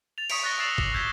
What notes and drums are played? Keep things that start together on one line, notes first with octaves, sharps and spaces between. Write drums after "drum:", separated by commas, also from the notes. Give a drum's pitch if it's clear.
A6 F7
C#6 D#6 B6 C#7 D7, drum: cymbal
F#6 A6 A#6 G7
E6 A6 C7 E7 F#7
D6 F#7, drum: kick G#1
E6 G6 G#6 A#6 B6 G7